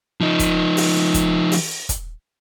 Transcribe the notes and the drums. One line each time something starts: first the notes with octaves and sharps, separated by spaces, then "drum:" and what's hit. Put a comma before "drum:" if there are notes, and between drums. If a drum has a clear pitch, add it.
F3 D#4
drum: kick, hi-hat
drum: open hi-hat
drum: kick, hi-hat
drum: open hi-hat
drum: kick, hi-hat